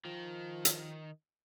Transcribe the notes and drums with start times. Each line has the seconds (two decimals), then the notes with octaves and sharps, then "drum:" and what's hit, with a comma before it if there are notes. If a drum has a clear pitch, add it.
0.05 D#3 F3
0.65 drum: hi-hat